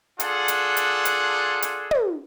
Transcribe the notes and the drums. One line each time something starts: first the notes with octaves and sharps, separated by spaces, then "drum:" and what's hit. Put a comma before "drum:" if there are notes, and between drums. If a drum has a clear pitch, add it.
D4 F4 G#4 A4 F#5, drum: hi-hat
drum: hi-hat
drum: hi-hat
drum: hi-hat
drum: hi-hat
drum: tom